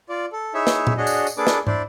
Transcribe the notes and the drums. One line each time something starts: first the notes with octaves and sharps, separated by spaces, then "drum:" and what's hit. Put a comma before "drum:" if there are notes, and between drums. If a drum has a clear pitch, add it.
F4 D5
A4
D#4 E4 G#4 C#5 E5
drum: snare
drum: tom A#2
D4 F#4 G#4 C#5 D#5
drum: tambourine
drum: tambourine
A#3 D4 G#4 A4 B4 D6
drum: snare
D4 E4 C5 D5, drum: tom